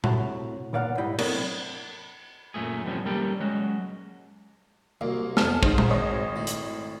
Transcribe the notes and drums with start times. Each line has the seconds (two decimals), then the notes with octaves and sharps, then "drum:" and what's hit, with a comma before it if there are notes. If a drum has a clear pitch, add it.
0.04 A2 C3 F#4 A5 A#5, drum: tom A#2
0.73 B1 A#2 D5 F5 F#5 A#5
0.98 G#2 G3 E4 D#5 G5
1.18 F#3 A3 C4 D4 A#4 D#5, drum: cymbal
2.54 F#2 A#2 A3 G#4
2.85 F#2 A2 C3 F3 G3 C#4
3.05 G3 A#3 C#4 G4 A4
3.40 F#3 G#3 C#4 F#4
5.01 C2 F#3 A#3
5.37 F2 C3 A4 G#5 F6, drum: snare
5.63 G#2 D#4 C5, drum: kick
5.78 drum: tom A#2
5.88 G#1 C#5 D#5
6.36 A2
6.47 drum: hi-hat